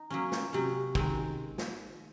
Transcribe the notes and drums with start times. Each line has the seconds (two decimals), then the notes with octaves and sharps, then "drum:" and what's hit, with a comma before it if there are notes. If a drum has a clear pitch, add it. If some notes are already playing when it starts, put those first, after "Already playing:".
Already playing: D#4
0.10 F#3 A#3 C#4
0.32 drum: snare
0.53 C3 F#3 C#4
0.95 D#3 G#3 C4, drum: kick
1.58 drum: snare